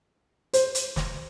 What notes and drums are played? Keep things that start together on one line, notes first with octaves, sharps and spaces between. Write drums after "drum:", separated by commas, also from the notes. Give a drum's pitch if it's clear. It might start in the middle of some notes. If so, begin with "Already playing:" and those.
C5, drum: hi-hat
drum: hi-hat
drum: snare